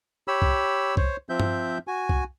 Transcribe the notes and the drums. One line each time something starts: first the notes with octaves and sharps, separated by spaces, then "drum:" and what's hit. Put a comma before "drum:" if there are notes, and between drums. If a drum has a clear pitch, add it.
G4 C#5 B5 E6
drum: kick
C5 C#5, drum: kick
F3 C4 E5 G6
drum: tom G2
F#4 G#5
drum: kick